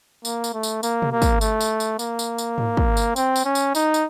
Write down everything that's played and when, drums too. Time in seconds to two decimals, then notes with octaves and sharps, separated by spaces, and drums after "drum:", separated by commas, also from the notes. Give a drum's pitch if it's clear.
0.25 A#3, drum: tambourine
0.44 drum: tambourine
0.54 A3
0.63 drum: tambourine
0.83 A#3, drum: tambourine
1.02 drum: tom B2
1.12 A#3
1.22 drum: kick, tambourine
1.41 A3, drum: tambourine
1.61 drum: tambourine
1.80 drum: tambourine
1.99 A#3, drum: tambourine
2.19 drum: tambourine
2.38 drum: tambourine
2.58 drum: tom G#2
2.77 drum: kick
2.97 drum: tambourine
3.16 C4, drum: tambourine
3.36 drum: tambourine
3.45 C#4
3.55 drum: tambourine
3.75 D#4, drum: tambourine
3.94 drum: tambourine